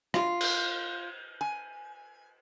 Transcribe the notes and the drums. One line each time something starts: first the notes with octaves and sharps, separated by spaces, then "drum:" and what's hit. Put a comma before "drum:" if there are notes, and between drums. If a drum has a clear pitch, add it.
F4, drum: rim click
drum: cymbal
G#5